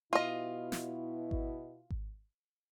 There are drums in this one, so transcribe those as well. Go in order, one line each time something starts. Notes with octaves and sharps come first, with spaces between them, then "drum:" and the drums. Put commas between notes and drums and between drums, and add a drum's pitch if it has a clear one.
B2 E4 F4 D#5
drum: snare
drum: kick G#1
drum: kick G#1